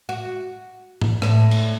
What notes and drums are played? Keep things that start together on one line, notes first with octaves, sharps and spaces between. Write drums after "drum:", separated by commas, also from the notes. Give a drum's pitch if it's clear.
F#4
drum: tom G#2
A2, drum: rim click
drum: cymbal